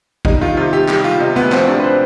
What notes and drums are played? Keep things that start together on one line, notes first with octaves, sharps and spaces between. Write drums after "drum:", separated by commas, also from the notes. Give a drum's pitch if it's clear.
G3 D#4, drum: kick G#1
D#3 F4
C3 F4
C3 G4
G3 G4, drum: clap
G3 F4
C3 D#4
D2 B3
F3 C4, drum: clap
C3 D4
B4
C5